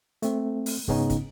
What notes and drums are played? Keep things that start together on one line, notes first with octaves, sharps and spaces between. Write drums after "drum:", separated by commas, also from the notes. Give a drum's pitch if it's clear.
A3 C4, drum: hi-hat
drum: open hi-hat
G#2 C#3 B3 C#4 D#4, drum: kick
drum: kick, hi-hat